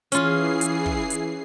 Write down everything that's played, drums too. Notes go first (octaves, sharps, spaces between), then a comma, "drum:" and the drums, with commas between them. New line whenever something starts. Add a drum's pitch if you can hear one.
E3 C#4 F4 G#4 C7, drum: hi-hat
drum: hi-hat
drum: kick
drum: hi-hat